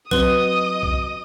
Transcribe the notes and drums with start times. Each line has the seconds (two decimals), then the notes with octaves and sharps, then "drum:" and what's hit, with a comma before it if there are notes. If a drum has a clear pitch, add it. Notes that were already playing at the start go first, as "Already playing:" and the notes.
0.11 F#3 C4 F#4 B4 D#5 D#6 G7, drum: kick
0.83 drum: kick